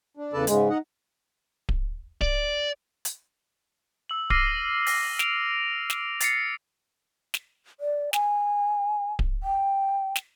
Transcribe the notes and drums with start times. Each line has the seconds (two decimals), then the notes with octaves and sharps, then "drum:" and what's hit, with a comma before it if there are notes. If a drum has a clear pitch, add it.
0.17 D4
0.33 E2 C#3 A4 B4 D5 A5
0.47 G#2 C#3 G#3, drum: hi-hat
0.70 D#4 D#5 F#5
1.69 drum: kick D1
2.21 D5, drum: kick D1
3.05 drum: hi-hat
4.09 E6 F#7
4.30 D6 E6 F6 A#6 C7 D#7, drum: kick D1
4.87 A#6, drum: open hi-hat
5.19 D7 F7, drum: snare
5.90 drum: snare
6.20 A6 C7 C#7, drum: hi-hat
7.34 drum: snare
7.80 D5
8.13 G#5, drum: snare
9.19 drum: kick D1
9.43 G5
10.16 drum: snare